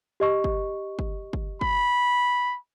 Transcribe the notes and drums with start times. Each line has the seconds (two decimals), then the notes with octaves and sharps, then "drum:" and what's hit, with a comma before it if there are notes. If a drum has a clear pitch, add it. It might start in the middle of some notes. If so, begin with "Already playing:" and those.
0.20 G4 D#5 C#6
0.44 drum: kick
0.99 drum: kick
1.33 drum: kick
1.61 B5, drum: kick